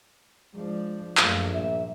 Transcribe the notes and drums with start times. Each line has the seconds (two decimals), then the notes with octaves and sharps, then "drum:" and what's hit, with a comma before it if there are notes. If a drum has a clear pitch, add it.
0.55 F3 G#3 D4
1.17 A#1 F#2 A3 F5, drum: clap
1.52 G2 A#2 E5